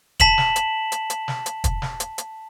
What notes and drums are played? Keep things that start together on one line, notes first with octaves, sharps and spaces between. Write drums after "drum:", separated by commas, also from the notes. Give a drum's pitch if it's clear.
A5 B6 E7 F#7, drum: kick, hi-hat
drum: snare
drum: hi-hat
drum: hi-hat
drum: hi-hat
drum: snare
drum: hi-hat
drum: kick, hi-hat
drum: snare
drum: hi-hat
drum: hi-hat